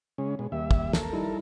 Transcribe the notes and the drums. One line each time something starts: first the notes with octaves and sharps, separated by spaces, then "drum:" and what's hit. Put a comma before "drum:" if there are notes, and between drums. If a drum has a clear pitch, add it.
C#3 G#3 C#4
B2 G#3
D#2 G3 E5
drum: kick
A4 A#4, drum: snare
G3 D#4 E4